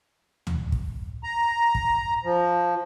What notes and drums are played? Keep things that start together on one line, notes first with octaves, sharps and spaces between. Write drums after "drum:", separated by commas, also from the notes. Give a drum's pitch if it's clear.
drum: tom D2
drum: kick
A#5
drum: kick
F3